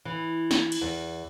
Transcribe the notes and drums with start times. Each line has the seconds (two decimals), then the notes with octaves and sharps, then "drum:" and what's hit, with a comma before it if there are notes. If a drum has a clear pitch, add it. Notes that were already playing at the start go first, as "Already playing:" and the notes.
0.05 E3
0.51 drum: snare
0.72 drum: cymbal
0.81 E2